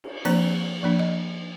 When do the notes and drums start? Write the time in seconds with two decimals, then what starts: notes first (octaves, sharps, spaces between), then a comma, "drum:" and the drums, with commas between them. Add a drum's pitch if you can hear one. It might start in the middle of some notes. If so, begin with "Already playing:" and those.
0.04 drum: cymbal
0.25 F3 A#3 C4 D4 C5, drum: cymbal
0.83 F3 A#3 D4
0.99 D#5